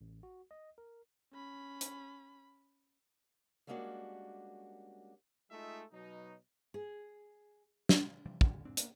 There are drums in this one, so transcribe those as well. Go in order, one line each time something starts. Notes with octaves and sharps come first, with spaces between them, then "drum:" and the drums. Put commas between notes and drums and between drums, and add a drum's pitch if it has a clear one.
A1
F#4
D#5
A#4
C#4 B5
drum: hi-hat
G3 G#3 A#3 C#4 D4 F#4
G#3 A3 D#4 F4 D#5 E5
B2 F#3 D#4
G#4
drum: snare
C3 E3 F3 G3
D#2 D3, drum: kick
E1 G#2 C4 D4
A#3 B3, drum: hi-hat